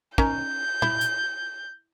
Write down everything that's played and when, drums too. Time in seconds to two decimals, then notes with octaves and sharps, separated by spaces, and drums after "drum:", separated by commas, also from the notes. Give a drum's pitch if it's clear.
0.18 C#4 D#4 A#4 G6, drum: kick
0.82 E4, drum: tom A#2
1.01 drum: hi-hat